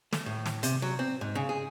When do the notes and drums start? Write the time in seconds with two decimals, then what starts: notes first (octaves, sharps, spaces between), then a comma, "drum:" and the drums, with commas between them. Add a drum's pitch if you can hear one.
0.13 A3, drum: snare
0.26 A2
0.46 drum: snare
0.63 C3, drum: hi-hat
0.82 F#3
0.99 C4
1.21 G#2
1.35 C#3
1.49 G#4